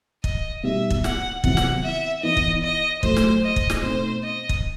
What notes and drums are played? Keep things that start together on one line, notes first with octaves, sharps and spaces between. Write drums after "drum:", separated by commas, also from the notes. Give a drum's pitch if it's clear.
D#5, drum: kick
B2 G3 D#4 G4 E5
drum: kick
F#5, drum: snare
C3 D#3 F#3 B3 E4 F#5, drum: kick
drum: snare
E5
E3 B3 D#4 D#5
drum: kick
D#5
A2 F#3 A3 C5, drum: kick
drum: snare
D#5
drum: kick
drum: snare
B2 A3 C4 D#4 C5
D#5
drum: kick